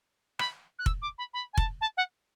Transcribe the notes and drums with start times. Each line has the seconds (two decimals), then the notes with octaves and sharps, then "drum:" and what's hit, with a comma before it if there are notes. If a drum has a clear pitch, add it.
0.39 B5, drum: rim click
0.79 F#6
0.86 E6, drum: kick F1
1.02 D6
1.18 B5
1.34 B5
1.53 G#5
1.58 A5, drum: kick F1
1.81 A5
1.97 F#5